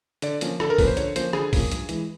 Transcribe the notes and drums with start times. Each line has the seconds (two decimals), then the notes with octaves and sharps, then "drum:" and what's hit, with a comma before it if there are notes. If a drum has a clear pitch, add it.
0.22 D3 D5, drum: hi-hat
0.41 F3 A#3 C#4, drum: hi-hat
0.60 D3 A4, drum: rim click
0.70 A#4
0.78 F3 A#3 C#4 B4, drum: kick, open hi-hat
0.87 C5
0.97 D3 C#5, drum: hi-hat
1.16 F3 A#3 C#4 C5, drum: hi-hat
1.33 D3 G#4, drum: rim click
1.53 F3 A#3 C#4, drum: kick, open hi-hat
1.72 G2, drum: hi-hat
1.89 E3 G#3, drum: hi-hat